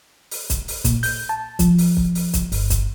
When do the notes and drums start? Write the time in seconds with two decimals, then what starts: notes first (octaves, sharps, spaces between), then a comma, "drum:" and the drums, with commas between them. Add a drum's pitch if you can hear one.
0.31 drum: open hi-hat
0.50 drum: kick, hi-hat
0.68 drum: open hi-hat
0.85 A#2, drum: kick, hi-hat
1.03 G6, drum: open hi-hat
1.29 A5
1.59 F3, drum: kick, hi-hat
1.78 drum: open hi-hat
1.97 drum: kick
2.15 drum: open hi-hat
2.33 drum: kick, hi-hat
2.52 G1, drum: open hi-hat
2.70 drum: kick, hi-hat